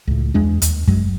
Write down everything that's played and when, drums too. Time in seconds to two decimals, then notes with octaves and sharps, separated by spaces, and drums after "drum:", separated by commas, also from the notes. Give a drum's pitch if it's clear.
0.07 C#2 A2
0.34 E2 G#3 D4
0.62 D#2, drum: hi-hat
0.88 F#2 F#3 G#3, drum: kick